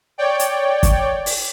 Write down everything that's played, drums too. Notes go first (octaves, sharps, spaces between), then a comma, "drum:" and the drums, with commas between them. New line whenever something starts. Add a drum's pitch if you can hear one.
C#5 D5 G5
drum: hi-hat
drum: kick, hi-hat
drum: open hi-hat